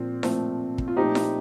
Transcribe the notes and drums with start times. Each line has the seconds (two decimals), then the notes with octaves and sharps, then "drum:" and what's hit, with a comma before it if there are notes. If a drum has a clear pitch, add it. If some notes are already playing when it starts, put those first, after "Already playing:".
Already playing: A#2 F3 C4
0.23 A#2 F3 A3 C4, drum: snare E4
0.78 drum: kick
0.88 F4
0.96 A#2 F3 A3 C4 D#4 G4
1.15 drum: snare E4